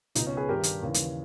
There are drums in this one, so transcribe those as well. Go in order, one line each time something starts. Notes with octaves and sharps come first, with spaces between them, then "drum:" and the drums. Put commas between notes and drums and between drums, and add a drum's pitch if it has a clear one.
C#2 B2 D#4, drum: hi-hat
C#4
G#4 B4
G2 D#3 G4 A#4
drum: hi-hat
D#2 C#3 E3
drum: hi-hat